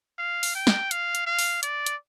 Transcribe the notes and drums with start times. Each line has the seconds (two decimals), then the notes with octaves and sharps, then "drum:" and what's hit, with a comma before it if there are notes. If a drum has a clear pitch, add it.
0.19 F5
0.43 drum: open hi-hat
0.55 G5
0.67 drum: snare
0.91 F5, drum: hi-hat
1.15 drum: hi-hat
1.27 F5
1.39 drum: open hi-hat
1.63 D5, drum: hi-hat
1.86 drum: hi-hat